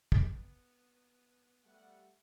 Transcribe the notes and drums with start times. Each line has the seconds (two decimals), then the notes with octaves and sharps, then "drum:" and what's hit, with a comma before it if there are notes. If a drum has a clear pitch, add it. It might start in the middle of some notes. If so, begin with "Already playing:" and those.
0.12 B3, drum: kick
1.65 G3 A3 F#5